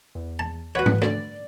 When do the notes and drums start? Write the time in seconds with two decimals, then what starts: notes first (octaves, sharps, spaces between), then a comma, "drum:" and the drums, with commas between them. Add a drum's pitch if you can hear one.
0.15 E2
0.39 A5
0.75 F#4 B4 C#5 F#5
0.86 drum: tom G#2
1.02 D2 D5, drum: rim click